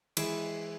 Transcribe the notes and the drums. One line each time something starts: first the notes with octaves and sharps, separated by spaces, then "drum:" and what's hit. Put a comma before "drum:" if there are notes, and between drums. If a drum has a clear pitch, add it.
E3 G#3 E4 G#4, drum: cymbal